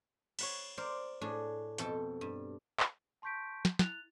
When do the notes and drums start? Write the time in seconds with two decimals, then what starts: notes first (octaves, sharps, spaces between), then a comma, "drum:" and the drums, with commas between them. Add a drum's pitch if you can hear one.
0.39 C#5 F#5 B5, drum: cymbal
0.78 A#4 C5 D5
1.21 A2 D4 G#4
1.78 F2 B2 A4 G5 A5, drum: hi-hat
2.21 G2
2.80 drum: clap
3.22 A5 C6 C#6 G6 B6 D7
3.65 drum: snare
3.79 E4 F#6 A6 F7, drum: snare